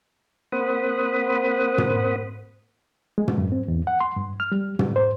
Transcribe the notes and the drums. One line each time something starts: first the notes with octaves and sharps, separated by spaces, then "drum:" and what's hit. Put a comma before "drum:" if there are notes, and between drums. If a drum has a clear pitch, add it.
A#3 C4 C5 F#5 B5 D#6
drum: tom
G#3
drum: tom
F#2
C4
E2
F#5
C6
G2
F6
G3
G3, drum: tom
C5